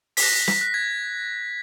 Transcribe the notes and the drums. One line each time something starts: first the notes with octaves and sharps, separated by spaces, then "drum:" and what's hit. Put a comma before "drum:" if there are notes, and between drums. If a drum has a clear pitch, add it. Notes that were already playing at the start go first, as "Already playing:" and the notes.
B6, drum: open hi-hat
F#6 A#6
B6, drum: snare
F#6
G#6